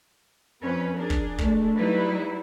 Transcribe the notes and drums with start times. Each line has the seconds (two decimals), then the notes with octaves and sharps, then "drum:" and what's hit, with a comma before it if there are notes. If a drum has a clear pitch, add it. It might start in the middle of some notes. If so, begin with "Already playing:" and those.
0.62 F2 C4 C#4 B4
0.96 D4 G#4 A#4
1.10 drum: kick
1.38 G#3 A3, drum: kick
1.75 F#3 G3 D#4 E4 B4